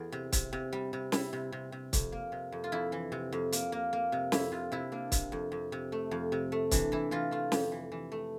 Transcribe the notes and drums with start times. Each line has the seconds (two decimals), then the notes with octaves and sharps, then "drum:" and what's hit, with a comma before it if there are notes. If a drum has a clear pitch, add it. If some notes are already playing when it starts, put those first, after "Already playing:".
Already playing: E2 E3 A4
0.12 C3
0.32 C3, drum: kick, hi-hat
0.53 C3
0.73 G3
0.93 C3
1.12 G3 E4, drum: snare
1.33 C3
1.52 C3
1.72 C3
1.93 F2, drum: kick, hi-hat
2.12 A#3
2.32 C3
2.52 F2
2.64 F4
2.72 F2 E4
2.92 E3
3.12 C3
3.32 F2
3.52 A#3, drum: hi-hat
3.72 A#3
3.93 A#3
4.12 C3
4.32 F2 E4, drum: snare
4.52 C3 F4
4.72 C3 E4
4.92 A#3 D4
5.12 C3, drum: kick, hi-hat
5.32 F2
5.52 F2
5.72 C3
5.92 A3
6.11 F2
6.32 C3
6.52 A3
6.71 E3 D4, drum: kick, hi-hat
6.92 E3 E4
7.11 E3 F4
7.31 A3 F4
7.52 F2 G4, drum: snare
7.72 E3
7.92 E3
8.12 A3